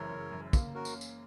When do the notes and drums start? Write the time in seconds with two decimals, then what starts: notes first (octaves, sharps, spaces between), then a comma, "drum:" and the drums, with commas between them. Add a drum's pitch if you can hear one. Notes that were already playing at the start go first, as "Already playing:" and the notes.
Already playing: F#1 F#2 E3 G#3 A#4 C#5
0.11 F#1
0.32 F#2
0.53 A#3, drum: kick, tambourine
0.75 C#4 F#4 A#4
0.85 drum: tambourine
1.01 drum: tambourine